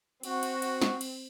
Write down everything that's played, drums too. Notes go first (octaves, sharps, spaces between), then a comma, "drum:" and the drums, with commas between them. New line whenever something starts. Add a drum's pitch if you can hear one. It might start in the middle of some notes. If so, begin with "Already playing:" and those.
C4 F#4, drum: cymbal
drum: cymbal
drum: cymbal
drum: snare
drum: cymbal